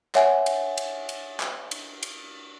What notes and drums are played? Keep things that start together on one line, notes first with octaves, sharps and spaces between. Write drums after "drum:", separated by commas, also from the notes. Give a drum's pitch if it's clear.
C#5 E5 F#5 G#5, drum: clap
drum: cymbal
drum: cymbal
drum: cymbal
drum: clap
drum: cymbal
drum: cymbal